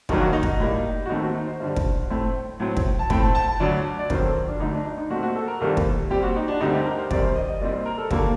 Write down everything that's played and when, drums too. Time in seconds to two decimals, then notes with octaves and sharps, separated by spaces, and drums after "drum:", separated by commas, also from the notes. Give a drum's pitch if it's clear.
0.09 G2 D#3 F#3 A#3 D#4, drum: kick
0.21 F#4
0.33 D#4
0.43 drum: kick
0.60 A2 G3 A#3
1.06 F#4
1.09 D#2 D#3 A3 C4 D#4
1.22 F#4
1.34 D#4
1.47 C5
1.60 G2 D3 G3
1.76 drum: kick
2.10 A2 A3 C4
2.60 A2 F#3 C4
2.77 drum: kick
2.99 A5
3.10 A2 A3 C4 G5, drum: kick
3.23 A5
3.35 A5
3.48 A5
3.60 D2 D3 F#3 D5
3.99 D5
4.10 G2 D#3 F#3 C4 C5, drum: kick
4.23 A4
4.35 A#4
4.48 D4
4.60 D2 D3 A3 D#4
4.73 D4
4.85 D#4
4.97 D#4
5.10 A#2 A3 C4 F#4
5.23 F#4
5.36 A4
5.48 A#4
5.60 C2 C3 D#3 G3 A#3 A4
5.77 drum: kick
6.10 A#2 G3 C4 G4
6.23 F#4
6.36 D#4
6.48 D4
6.61 D2 D3 G3 C4 D#4
6.73 G4
6.85 A#4
6.98 C5
7.11 F#2 D#3 G3 C4 D5, drum: kick
7.23 C5
7.35 D#5
7.48 D#5
7.60 C2 A#2 G3 C4 D5
7.73 C5
7.86 A#4
7.98 A4
8.11 D#2 D3 G3 A#3 A4, drum: kick